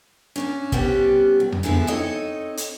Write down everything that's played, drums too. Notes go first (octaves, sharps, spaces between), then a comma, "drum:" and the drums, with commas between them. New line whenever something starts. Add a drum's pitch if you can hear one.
C#4 D4 F5
C3 G3 B3 C#4 G4 B4, drum: kick
E2
drum: tom F2
D3 E3 F3 G#3 B3 E4
C4 D#4 A4 C#5 D#5
drum: hi-hat